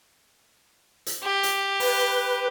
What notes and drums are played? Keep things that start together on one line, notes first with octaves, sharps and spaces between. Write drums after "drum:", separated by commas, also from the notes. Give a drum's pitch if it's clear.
drum: hi-hat
G4
drum: hi-hat
B4, drum: open hi-hat